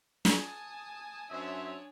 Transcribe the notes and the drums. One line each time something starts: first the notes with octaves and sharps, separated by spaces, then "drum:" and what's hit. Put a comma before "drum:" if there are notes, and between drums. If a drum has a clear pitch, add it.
G#5 A5 D#6, drum: snare
F#2 D4 C5 C#5 E5